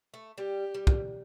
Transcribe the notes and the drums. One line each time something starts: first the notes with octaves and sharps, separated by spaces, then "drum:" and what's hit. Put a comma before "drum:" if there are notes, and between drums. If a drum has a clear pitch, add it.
A3
G3 G4
G3
drum: kick